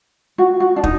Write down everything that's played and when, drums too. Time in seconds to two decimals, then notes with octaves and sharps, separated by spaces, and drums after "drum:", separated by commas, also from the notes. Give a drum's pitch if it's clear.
0.38 F#4
0.60 F#4
0.76 D4
0.84 D#4, drum: kick